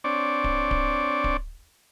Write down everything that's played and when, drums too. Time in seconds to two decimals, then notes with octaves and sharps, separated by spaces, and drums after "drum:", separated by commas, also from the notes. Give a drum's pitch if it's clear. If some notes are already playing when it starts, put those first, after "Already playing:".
0.04 C4 D4 C#5 D5
0.44 drum: kick D1
0.71 drum: kick D1
1.24 drum: kick D1